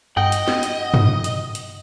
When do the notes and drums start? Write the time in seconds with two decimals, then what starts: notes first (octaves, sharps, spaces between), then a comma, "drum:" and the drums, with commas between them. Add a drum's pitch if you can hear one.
0.17 G2 D#5 F#5 G5
0.32 drum: hi-hat
0.48 drum: snare
0.63 drum: hi-hat
0.94 drum: tom
1.24 drum: hi-hat
1.55 drum: hi-hat